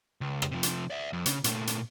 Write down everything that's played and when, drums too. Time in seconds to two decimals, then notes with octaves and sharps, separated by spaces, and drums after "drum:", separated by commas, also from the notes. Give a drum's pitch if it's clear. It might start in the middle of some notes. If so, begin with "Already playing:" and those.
0.21 C#2
0.42 drum: rim click
0.51 C3 F3
0.63 drum: hi-hat
0.90 D5 E5
1.13 F2
1.26 C#3, drum: hi-hat
1.44 A#2 A3, drum: hi-hat
1.67 drum: hi-hat